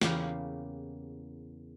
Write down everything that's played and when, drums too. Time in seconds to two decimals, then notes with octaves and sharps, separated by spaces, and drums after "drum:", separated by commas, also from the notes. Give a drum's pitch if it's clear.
0.02 E2 C#3 A#3 G4 F5 B5, drum: snare